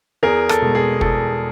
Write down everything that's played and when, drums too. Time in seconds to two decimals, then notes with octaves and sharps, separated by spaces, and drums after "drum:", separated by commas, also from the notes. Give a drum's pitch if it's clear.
0.23 E2 G#4 A#4
0.49 A4, drum: rim click
0.62 B2 G#3
0.75 G#4
1.01 E2 A4, drum: kick